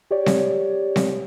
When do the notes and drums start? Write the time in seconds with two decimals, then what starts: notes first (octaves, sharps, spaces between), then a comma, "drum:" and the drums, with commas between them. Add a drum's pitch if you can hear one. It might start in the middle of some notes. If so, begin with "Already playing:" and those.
0.11 G4 C#5 D5
0.26 drum: snare C4
0.96 drum: snare C4